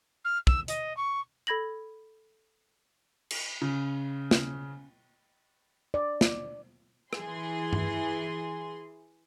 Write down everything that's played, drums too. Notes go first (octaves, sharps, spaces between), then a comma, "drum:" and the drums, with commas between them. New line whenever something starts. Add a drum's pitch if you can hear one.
F6
E6, drum: kick
D#5, drum: hi-hat
C#6
A4 B5 G#6 A#6 F#7
drum: cymbal
C#3
drum: snare
D5
drum: snare
E3 G#4 C6, drum: rim click
drum: tom G2